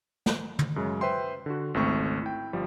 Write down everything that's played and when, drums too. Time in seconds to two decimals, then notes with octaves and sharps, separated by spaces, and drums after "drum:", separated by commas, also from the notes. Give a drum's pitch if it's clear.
0.26 drum: snare
0.59 drum: tom
0.76 F#2 C#3 G#3
1.01 B4 C5 E5 G5 C6
1.46 D3 F#4
1.74 G#1 C#2 A3 C4 C#6
2.22 E4 G5
2.53 G1 F3 G3